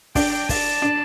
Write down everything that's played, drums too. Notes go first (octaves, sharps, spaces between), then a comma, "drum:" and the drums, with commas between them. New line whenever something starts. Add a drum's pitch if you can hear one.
D4 G5, drum: kick, open hi-hat
G5
A5, drum: kick, open hi-hat
D4